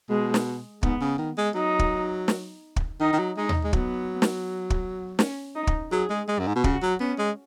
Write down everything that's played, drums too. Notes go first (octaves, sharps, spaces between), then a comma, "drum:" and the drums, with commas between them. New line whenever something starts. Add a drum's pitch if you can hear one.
B2 G#3
drum: snare
G#2 B3, drum: kick
C#3
D#3
G#3
F#3 D#4
drum: kick
drum: snare
drum: kick
D#3 D#4
D#3
F#3
G#3 D#4
drum: tom D#2
G#3
F#3 B3, drum: kick
drum: snare
drum: kick
C#4, drum: snare
D#4
drum: kick
F#3 G#4
G#3
G#3
F#2
G#2
B2
C#3 F#4, drum: kick
F#3
B3 C#4
G#3